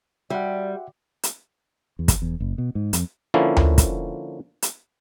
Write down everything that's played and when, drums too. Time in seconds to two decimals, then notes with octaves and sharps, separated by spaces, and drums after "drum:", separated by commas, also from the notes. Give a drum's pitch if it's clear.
0.30 G3 F#4 D5 E5 F#5 G5
1.23 drum: hi-hat
1.99 E2
2.08 drum: kick, hi-hat
2.22 E2
2.40 F#1
2.58 B2
2.75 G#2
2.93 F2, drum: hi-hat
3.34 D3 F3 A#3 C#4 E4
3.56 drum: tom D2
3.78 drum: kick, hi-hat
4.62 drum: hi-hat